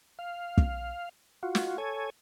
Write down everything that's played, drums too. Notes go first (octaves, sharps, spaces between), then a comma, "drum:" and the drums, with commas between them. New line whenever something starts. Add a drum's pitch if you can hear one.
F5
drum: kick
F4 F#4
drum: snare
A4 C#5 G#5